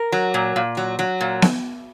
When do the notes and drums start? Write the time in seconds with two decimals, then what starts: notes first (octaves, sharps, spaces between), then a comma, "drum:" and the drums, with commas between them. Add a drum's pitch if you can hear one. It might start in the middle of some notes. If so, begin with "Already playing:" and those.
Already playing: A#4
0.12 F#3
0.34 A#2
0.56 A#2
0.77 F#3
0.99 F#3
1.21 A#2
1.42 drum: snare B3